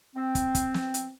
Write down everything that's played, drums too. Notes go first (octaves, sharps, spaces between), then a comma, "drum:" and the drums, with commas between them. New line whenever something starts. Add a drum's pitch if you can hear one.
C4
drum: kick, hi-hat
drum: kick, hi-hat
drum: snare
drum: hi-hat